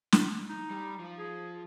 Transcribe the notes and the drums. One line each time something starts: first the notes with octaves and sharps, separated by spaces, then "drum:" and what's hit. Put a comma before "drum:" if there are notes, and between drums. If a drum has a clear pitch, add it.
drum: snare
D#4
G3
F3 F4
G#4